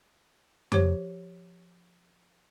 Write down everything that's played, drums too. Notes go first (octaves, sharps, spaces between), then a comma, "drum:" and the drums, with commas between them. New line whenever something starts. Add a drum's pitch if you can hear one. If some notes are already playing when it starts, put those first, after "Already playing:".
F3 G4 C5 C#5, drum: tom F2